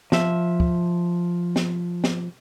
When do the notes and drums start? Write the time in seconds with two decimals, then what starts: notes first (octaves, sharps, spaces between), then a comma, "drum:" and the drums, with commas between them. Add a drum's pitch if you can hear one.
0.12 F3 E5, drum: snare
0.60 drum: kick
1.56 drum: snare
2.04 drum: snare